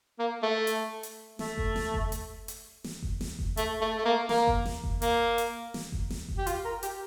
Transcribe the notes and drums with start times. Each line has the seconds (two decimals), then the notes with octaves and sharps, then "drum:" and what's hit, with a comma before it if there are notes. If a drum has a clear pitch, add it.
0.19 A#3
0.43 A3
0.67 drum: hi-hat
1.03 drum: hi-hat
1.39 A3, drum: snare
1.58 drum: kick F#1
1.76 drum: snare
1.94 drum: kick F#1
2.12 drum: hi-hat
2.48 drum: hi-hat
2.84 drum: snare
3.03 drum: kick F#1
3.21 drum: snare
3.39 drum: kick F#1
3.57 A3, drum: hi-hat
3.81 A3
3.98 A3
4.05 A#3
4.29 A#3, drum: snare
4.47 drum: kick F#1
4.66 drum: snare
4.84 drum: kick F#1
5.02 A#3, drum: hi-hat
5.38 drum: hi-hat
5.74 drum: snare
5.92 drum: kick F#1
6.10 drum: snare
6.29 drum: kick F#1
6.38 G4
6.47 F4, drum: hi-hat
6.65 A#4
6.83 G4, drum: hi-hat